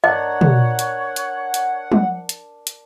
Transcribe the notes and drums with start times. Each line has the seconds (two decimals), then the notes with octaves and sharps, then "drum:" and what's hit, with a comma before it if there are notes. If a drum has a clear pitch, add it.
0.04 D4 A#4 C#5 D#5 F#5
0.41 drum: tom
0.79 drum: hi-hat
1.16 drum: hi-hat
1.54 drum: hi-hat
1.92 drum: tom
2.29 drum: hi-hat
2.67 drum: hi-hat